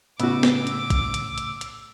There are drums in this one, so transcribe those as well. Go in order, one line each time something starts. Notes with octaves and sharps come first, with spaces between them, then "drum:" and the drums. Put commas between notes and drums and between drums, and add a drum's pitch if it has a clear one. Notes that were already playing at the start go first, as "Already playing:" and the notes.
A2 C#3 B3 F#4 D6 E6, drum: hi-hat
drum: snare
drum: hi-hat
drum: kick, hi-hat
drum: hi-hat
drum: hi-hat
drum: hi-hat